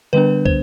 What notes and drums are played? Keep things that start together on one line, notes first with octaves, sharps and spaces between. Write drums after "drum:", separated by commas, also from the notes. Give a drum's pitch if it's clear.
D3 G3 B3 D4 B4
C5, drum: kick